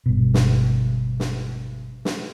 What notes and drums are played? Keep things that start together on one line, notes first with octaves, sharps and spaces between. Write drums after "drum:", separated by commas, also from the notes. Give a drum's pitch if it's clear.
G1 B2
drum: snare
drum: snare
drum: snare